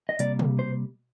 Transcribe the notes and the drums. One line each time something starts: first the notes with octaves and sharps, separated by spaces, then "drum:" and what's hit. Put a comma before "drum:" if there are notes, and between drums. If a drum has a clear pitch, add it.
D#5
C3 G3 A#3 D5, drum: hi-hat
drum: tom
C5